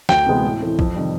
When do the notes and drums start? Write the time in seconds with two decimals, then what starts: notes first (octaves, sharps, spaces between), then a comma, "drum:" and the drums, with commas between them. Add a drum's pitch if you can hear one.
0.09 D2 G5, drum: snare
0.26 C3 E3 G#3 B3
0.43 A2
0.60 E3 A3 C4
0.79 F2, drum: kick
0.96 C3 D#3 G3